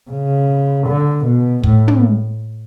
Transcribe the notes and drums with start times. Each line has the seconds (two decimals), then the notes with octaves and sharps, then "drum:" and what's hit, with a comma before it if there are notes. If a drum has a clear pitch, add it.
0.11 C#3
0.86 D3
1.25 B2
1.63 A2, drum: kick
1.88 drum: tom